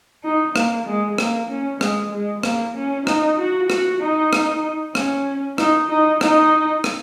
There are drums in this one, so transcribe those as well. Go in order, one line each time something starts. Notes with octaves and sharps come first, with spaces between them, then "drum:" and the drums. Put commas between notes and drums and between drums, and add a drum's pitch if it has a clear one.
D#4
A#3, drum: rim click
G#3
A#3, drum: rim click
C#4
G#3, drum: rim click
G#3
A#3, drum: rim click
C#4
D#4, drum: rim click
F#4
F#4, drum: rim click
D#4
drum: rim click
C#4, drum: rim click
D#4, drum: rim click
D#4
D#4, drum: rim click
drum: rim click